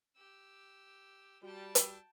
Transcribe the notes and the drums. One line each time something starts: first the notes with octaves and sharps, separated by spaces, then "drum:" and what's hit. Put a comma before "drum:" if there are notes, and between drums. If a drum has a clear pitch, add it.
G4 E6
G3 F#4 G5 A5
drum: hi-hat